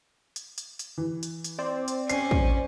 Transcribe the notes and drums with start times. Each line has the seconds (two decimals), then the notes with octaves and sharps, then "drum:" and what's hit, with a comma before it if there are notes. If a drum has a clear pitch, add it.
0.36 drum: hi-hat
0.58 drum: hi-hat
0.79 drum: hi-hat
0.98 E3
1.23 drum: hi-hat
1.44 drum: hi-hat
1.59 C4 C5 D5
1.88 drum: hi-hat
2.09 C#4 C7, drum: hi-hat
2.31 drum: kick